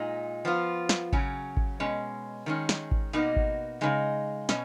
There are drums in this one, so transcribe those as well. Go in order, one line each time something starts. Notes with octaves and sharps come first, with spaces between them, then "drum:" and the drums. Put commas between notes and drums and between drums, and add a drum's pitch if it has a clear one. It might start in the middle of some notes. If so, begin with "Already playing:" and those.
Already playing: A#2 G#3 D#4
F3 B3 F4
drum: snare
C#3 F#3 C#4, drum: kick G#1
drum: kick G#1
B2 G#3 C#4
D#3 G#3 C#4
drum: snare
drum: kick G#1
B2 A#3 D#4 F#4
drum: kick G#1
C#3 G#3 D#4
B2 C#4, drum: snare